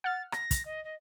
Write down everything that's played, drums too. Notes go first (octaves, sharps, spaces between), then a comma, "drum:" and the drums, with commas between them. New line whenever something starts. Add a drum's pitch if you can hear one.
F#5 F6 A6
A#6, drum: rim click
drum: kick, hi-hat
D#5
D#5